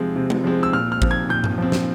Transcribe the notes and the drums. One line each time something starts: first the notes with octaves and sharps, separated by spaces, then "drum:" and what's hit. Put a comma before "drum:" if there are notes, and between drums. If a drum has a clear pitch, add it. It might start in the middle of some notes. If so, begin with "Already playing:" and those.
Already playing: C3 F3 G#3 C4
C3
drum: tom G#3
F3 G#3 C4
E6
A#2 F6
F6
F3 C4, drum: kick A1
G#6
A#2 G6
drum: tom G2
F3 C4
drum: snare